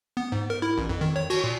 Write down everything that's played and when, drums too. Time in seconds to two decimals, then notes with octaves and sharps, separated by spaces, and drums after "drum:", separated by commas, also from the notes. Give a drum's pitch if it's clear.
0.17 B3
0.32 G#2
0.50 A#4
0.62 E4
0.78 A1
0.89 F2
1.01 D#3
1.16 C#5
1.30 F#4, drum: cymbal
1.44 A#2